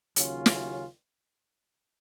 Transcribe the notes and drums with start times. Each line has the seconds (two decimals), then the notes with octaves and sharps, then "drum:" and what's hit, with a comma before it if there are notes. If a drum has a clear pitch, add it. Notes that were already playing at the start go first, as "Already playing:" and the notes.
0.16 D#2 C#3 F#3 C#4 F4, drum: hi-hat
0.46 drum: snare